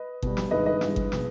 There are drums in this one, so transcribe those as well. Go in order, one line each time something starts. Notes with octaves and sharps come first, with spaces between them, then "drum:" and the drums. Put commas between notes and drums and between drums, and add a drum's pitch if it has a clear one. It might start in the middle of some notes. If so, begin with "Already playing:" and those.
Already playing: B4 D#5
B2 G3, drum: kick G1
drum: snare
G2 D#3 G#3 B4 D#5
B4 D#5
G2 E3 G#3, drum: snare
drum: kick G1
B2 G#3, drum: snare